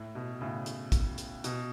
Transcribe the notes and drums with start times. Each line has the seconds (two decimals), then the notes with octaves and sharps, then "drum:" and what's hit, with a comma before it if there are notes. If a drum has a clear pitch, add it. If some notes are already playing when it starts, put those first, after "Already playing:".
Already playing: A2
0.15 B2
0.41 A2 C#3
0.66 drum: hi-hat
0.92 drum: kick, hi-hat
1.18 drum: hi-hat
1.44 B2, drum: hi-hat